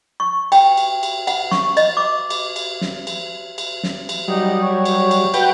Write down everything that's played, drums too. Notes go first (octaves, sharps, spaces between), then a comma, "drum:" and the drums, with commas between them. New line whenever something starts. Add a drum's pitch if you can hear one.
C#6
G5, drum: cymbal
drum: cymbal
drum: cymbal
F#5, drum: cymbal
C#6, drum: snare
D#5, drum: cymbal
D6
drum: cymbal
drum: cymbal
drum: snare
drum: cymbal
drum: cymbal
drum: snare
drum: cymbal
F#3 G3 D#4
C#5
drum: cymbal
drum: cymbal
F#4 B4 G5, drum: cymbal